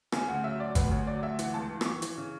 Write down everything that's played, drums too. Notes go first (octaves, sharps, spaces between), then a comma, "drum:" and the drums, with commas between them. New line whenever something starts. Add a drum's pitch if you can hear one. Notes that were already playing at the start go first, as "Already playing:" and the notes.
C#3 G#5, drum: rim click
D2 F#5
F#3 E5
F#3 D5
D2 B4, drum: kick G#1, hi-hat
D2 C#5
F#3 D5
D2 E5
E3 F#5, drum: hi-hat
C#2 A5
E3
D6, drum: rim click
E3 C#6
E3, drum: hi-hat
C#3